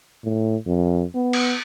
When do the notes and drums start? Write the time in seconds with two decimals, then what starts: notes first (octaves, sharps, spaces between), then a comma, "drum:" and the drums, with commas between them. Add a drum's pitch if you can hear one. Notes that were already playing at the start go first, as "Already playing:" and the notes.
0.24 A2
0.66 F2
1.15 B3
1.33 drum: cymbal